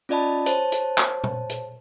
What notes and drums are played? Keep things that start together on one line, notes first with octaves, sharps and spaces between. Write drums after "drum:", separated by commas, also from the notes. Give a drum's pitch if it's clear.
C#4 F4 D5 D#5 A5 B5
C5 C#5 A5, drum: hi-hat
drum: hi-hat
drum: clap
drum: tom B2
drum: hi-hat